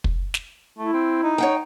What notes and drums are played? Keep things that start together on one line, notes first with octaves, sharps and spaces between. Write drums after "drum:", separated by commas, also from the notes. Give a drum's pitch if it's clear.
drum: kick
drum: snare
A3 E4
C4
D#4
C#5 F#5 G5